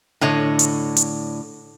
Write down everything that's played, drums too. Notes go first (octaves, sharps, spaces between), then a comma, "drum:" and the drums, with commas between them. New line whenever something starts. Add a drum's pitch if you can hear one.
A2 D3 C#5 D#5
drum: hi-hat
drum: hi-hat